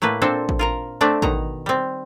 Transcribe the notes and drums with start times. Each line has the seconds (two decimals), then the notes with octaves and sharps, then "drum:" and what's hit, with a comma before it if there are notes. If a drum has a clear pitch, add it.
0.02 A2 A3 A#3 B4
0.21 A#2 C4 D4 A4 C5
0.49 drum: kick A1
0.59 F4 A#4 A#5
1.01 A3 C4 D4 D5 E5
1.22 B2 D#3 A#5, drum: kick A1
1.66 G3 C4